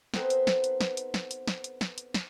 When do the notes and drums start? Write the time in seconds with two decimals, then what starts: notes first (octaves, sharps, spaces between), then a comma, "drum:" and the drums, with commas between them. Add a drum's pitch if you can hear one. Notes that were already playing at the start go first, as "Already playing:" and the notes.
0.14 B3 C4 D#4 A4 B4 C5, drum: snare
0.30 drum: hi-hat
0.47 drum: snare
0.64 drum: hi-hat
0.81 drum: snare
0.97 drum: hi-hat
1.14 drum: snare
1.31 drum: hi-hat
1.47 drum: snare
1.64 drum: hi-hat
1.81 drum: snare
1.98 drum: hi-hat
2.14 drum: snare